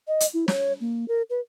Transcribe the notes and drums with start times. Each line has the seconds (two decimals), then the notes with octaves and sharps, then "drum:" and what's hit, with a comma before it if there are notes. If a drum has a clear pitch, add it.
0.08 D#5
0.20 drum: hi-hat
0.34 E4
0.48 C#5, drum: snare
0.81 A#3
1.08 A#4
1.30 B4